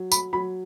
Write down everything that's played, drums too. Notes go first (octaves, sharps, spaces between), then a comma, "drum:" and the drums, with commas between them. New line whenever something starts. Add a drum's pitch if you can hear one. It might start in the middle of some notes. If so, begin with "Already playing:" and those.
Already playing: F#3
B5, drum: tambourine
F#3 B5